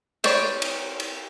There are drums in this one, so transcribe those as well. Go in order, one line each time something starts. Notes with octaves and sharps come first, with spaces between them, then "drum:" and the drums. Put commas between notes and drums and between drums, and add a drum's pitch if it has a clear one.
C4 G4 B4 C#5 D5, drum: cymbal
drum: cymbal
drum: cymbal